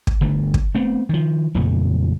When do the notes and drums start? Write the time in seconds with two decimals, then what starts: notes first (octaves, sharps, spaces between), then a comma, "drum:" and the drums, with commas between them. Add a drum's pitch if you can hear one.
0.07 drum: kick
0.21 G1 D3 A3
0.54 drum: kick
0.75 A3 B3 C4
1.09 D#3 F3
1.54 F#1 F2 A#2 A3